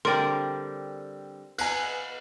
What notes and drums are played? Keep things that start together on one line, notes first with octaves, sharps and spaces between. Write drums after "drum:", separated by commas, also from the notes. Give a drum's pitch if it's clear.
D3 G3 C4 A#4 D5 G5 C6
B3 G#5 F#6, drum: cymbal